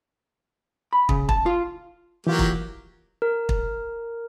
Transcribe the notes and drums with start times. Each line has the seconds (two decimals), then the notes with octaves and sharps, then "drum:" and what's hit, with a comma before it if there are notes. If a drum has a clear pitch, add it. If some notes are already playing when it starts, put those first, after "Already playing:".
0.93 B5
1.09 C#3, drum: kick
1.29 A5, drum: kick
1.46 F4
2.27 E3 F#3 A#3 F4 G4
2.39 drum: kick
3.22 A#4
3.49 drum: kick